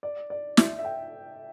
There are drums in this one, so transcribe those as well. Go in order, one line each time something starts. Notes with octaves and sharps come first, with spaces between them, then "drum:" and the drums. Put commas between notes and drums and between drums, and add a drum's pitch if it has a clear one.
D5
D5
E5, drum: snare
E5
G5